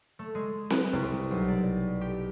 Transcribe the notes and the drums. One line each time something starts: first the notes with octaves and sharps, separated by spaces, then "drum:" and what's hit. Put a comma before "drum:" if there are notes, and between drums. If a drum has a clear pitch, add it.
A3
G#3
B4, drum: snare C4
C2
B1
D5
G4